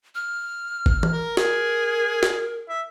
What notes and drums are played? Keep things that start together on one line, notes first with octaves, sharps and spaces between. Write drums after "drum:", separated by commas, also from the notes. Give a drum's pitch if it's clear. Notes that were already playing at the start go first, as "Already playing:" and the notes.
F6
drum: kick G#1
drum: tom E3
A#4
G#4 A#4, drum: snare
drum: snare
E5